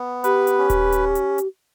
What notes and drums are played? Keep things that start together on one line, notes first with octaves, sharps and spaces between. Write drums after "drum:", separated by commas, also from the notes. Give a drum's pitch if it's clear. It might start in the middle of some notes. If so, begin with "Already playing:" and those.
Already playing: B3
G4 B4, drum: hi-hat
drum: hi-hat
C#4
drum: kick D#1, hi-hat
drum: hi-hat
drum: hi-hat
drum: hi-hat